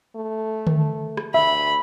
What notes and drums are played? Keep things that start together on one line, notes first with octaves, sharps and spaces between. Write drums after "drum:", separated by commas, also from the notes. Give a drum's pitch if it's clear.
A3
drum: tom D3
drum: rim click
D2 E5 B5